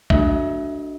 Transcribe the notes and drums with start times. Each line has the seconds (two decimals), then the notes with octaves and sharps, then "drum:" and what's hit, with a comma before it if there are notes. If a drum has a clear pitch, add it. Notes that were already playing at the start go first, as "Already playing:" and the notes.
0.10 A3 D4 F#4 E5, drum: kick A1